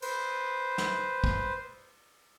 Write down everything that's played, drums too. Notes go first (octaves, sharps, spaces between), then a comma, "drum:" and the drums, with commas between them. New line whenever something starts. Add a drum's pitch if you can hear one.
B4 C5, drum: cymbal
drum: snare
drum: kick